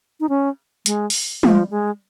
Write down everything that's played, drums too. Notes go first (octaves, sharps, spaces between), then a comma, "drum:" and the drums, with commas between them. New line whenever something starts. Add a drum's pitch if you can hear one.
D#4
C#4
G#3, drum: hi-hat
drum: open hi-hat
F3, drum: tom G3
G#3